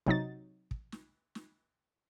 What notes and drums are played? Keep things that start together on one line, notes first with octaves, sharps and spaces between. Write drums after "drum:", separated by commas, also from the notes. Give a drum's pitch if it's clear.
C3 F#3 D#4 A6, drum: kick
drum: kick
drum: snare
drum: snare